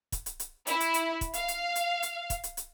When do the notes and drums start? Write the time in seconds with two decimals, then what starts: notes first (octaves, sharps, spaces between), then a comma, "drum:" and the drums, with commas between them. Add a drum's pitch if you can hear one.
0.12 drum: kick, hi-hat
0.26 drum: hi-hat
0.40 drum: hi-hat
0.67 E4, drum: hi-hat
0.80 drum: hi-hat
0.94 drum: hi-hat
1.21 drum: kick, hi-hat
1.34 F5, drum: hi-hat
1.48 drum: hi-hat
1.76 drum: hi-hat
2.03 drum: hi-hat
2.30 drum: kick, hi-hat
2.44 drum: hi-hat
2.57 drum: hi-hat